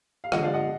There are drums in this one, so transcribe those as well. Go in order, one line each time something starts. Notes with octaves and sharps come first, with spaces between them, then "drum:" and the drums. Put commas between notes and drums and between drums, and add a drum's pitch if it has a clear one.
F5
D3 F3 G#3 D#5 F#5, drum: rim click
D5 F5
D#5 F#5